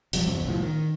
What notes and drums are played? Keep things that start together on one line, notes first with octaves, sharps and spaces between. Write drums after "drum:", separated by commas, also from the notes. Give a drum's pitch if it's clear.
E1 F3 G3, drum: hi-hat
G1 E2 C3
C2 A2 F3
D#3